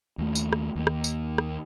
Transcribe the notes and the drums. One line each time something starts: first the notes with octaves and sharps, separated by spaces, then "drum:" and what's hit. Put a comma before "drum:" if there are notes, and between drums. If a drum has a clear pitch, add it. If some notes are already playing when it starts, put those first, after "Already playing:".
D#2 A3
drum: tambourine
drum: rim click
D#2 A#3
drum: rim click
drum: tambourine
drum: rim click